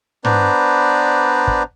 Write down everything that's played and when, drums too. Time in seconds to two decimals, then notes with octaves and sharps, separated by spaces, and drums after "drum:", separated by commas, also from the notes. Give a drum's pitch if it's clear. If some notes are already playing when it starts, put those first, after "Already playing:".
0.25 B3 D4 B4 C5 D5 A#5, drum: tom
1.48 drum: kick